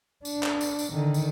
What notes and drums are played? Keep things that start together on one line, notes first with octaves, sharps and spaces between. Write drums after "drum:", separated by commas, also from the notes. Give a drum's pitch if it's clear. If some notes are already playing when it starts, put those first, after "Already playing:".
D4, drum: tambourine
drum: clap
drum: tambourine
drum: tambourine
D3 D#3
drum: tambourine